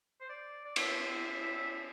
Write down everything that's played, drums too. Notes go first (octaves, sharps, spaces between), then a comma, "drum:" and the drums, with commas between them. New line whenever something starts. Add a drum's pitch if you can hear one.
C5
D5
D5
E5, drum: cymbal